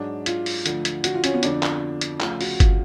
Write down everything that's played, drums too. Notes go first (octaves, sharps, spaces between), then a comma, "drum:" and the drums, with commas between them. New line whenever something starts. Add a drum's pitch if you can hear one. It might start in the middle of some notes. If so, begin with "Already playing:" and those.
Already playing: G#2 F#3 D4
F4, drum: hi-hat
drum: open hi-hat
D2 D3 F3, drum: hi-hat
drum: hi-hat
F#4, drum: hi-hat
F4
C#4, drum: hi-hat
B3
F2 D3 F3 D4, drum: hi-hat
drum: clap
drum: hi-hat
D2 C#3 F3 F4, drum: clap
F#4, drum: open hi-hat
F4, drum: kick G1, hi-hat